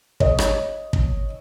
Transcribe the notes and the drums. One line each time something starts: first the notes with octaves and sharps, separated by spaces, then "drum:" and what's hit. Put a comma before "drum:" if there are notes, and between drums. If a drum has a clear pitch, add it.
C#5 D#5, drum: kick
drum: rim click
drum: kick